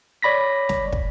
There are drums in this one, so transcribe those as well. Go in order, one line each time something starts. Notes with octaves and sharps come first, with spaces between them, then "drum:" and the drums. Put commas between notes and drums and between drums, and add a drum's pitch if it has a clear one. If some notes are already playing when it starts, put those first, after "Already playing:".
C#5 D5 B5 A#6 B6
drum: snare
drum: kick